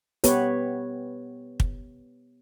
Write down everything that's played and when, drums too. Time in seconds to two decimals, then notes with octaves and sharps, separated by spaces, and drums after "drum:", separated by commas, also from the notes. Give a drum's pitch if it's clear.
0.24 B3 G4 B4 C#5, drum: hi-hat
1.60 drum: kick